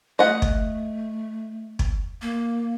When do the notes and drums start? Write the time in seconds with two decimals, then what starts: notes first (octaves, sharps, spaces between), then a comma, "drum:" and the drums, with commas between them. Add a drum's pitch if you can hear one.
0.19 A3 D#5 F#5
0.42 drum: kick
1.79 drum: kick
2.22 A#3